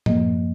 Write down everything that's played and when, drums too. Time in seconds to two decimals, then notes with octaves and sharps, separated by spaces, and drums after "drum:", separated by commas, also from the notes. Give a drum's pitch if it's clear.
0.06 F#2 F3 A#3 D#5, drum: tom A2